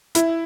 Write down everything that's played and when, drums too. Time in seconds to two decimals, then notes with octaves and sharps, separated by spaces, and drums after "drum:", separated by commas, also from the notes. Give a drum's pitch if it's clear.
0.15 E4, drum: hi-hat